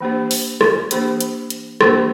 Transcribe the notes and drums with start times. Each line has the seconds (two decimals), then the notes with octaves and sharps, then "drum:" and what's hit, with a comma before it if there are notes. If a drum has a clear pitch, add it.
0.01 E3 A#3 D4 G4 C5
0.31 drum: open hi-hat
0.61 drum: rim click
0.91 E3 A#3 D4 G4 C5, drum: hi-hat
1.21 drum: hi-hat
1.50 drum: hi-hat
1.81 E3 A#3 D4 G4 C5, drum: rim click